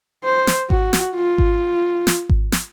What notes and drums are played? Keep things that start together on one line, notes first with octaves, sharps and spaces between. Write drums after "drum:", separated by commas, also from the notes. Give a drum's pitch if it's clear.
C5
drum: snare
F#4, drum: kick G#1
drum: snare
F4
drum: kick G#1
drum: snare
drum: kick G#1
drum: snare